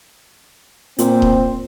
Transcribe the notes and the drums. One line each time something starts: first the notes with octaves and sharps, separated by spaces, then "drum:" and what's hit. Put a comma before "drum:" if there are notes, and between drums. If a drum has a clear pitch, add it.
A#2 C4, drum: hi-hat
drum: kick D#1